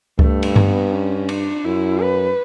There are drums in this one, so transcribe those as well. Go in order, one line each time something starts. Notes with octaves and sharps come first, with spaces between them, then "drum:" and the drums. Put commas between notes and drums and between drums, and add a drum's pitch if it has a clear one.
G2 A3, drum: kick C#2
drum: cymbal
B3, drum: tom G2
C#4
D4, drum: cymbal
F#2 E4
B4